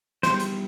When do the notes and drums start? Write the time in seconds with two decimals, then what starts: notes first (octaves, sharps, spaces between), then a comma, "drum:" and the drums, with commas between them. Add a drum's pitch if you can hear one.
0.23 G3 B3 D#4 G4 C5, drum: snare
0.40 drum: hi-hat